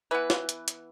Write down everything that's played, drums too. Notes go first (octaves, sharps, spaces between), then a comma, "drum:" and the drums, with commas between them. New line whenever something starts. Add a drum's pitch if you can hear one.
E3 B3 B4
drum: snare
drum: hi-hat
drum: hi-hat